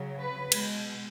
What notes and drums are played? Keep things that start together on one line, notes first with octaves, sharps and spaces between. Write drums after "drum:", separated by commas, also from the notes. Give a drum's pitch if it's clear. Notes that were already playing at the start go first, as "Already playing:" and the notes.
Already playing: C#3 F#3
B4
B2 G#3, drum: cymbal